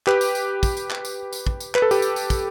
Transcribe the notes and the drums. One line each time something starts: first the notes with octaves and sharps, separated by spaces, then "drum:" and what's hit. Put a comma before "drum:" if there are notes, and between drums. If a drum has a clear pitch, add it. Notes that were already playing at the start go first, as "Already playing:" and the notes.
G4 B4, drum: clap
drum: tambourine
drum: tambourine
drum: kick, tambourine
drum: tambourine
drum: clap
drum: tambourine
drum: tambourine
drum: kick
drum: tambourine
B4, drum: clap
A4
G4 B4, drum: tambourine
drum: tambourine
drum: tambourine
drum: kick, tambourine